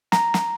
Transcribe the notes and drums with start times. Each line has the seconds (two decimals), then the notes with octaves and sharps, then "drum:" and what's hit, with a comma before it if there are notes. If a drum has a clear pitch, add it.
0.12 A#5, drum: snare
0.34 drum: snare